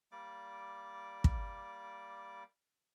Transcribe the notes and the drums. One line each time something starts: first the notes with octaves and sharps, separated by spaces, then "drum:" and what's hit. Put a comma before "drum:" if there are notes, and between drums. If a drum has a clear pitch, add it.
G3 A#3 D5 D6
drum: kick